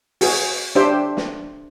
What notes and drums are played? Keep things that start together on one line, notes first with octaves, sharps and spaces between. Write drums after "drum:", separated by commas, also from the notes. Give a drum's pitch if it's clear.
F#4 G#4, drum: open hi-hat
D4 G4 C5 E5 G5
drum: snare